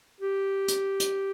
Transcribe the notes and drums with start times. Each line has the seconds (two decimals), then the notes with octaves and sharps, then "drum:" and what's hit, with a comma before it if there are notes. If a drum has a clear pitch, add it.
0.21 G4
0.68 drum: hi-hat
1.00 drum: hi-hat